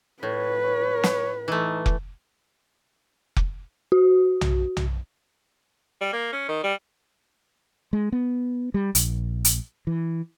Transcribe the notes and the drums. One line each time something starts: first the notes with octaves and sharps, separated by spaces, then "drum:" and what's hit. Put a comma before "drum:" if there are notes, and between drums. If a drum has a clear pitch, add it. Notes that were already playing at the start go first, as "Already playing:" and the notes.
A2 B4 C#5
C#5
drum: snare
E3 A3 D#4
drum: kick F1
drum: kick F1
F#4
drum: tom B1
drum: tom B1
G3
A#3
C#4
D#3
G3
G#3
B3
G3
A#1, drum: hi-hat
drum: hi-hat
E3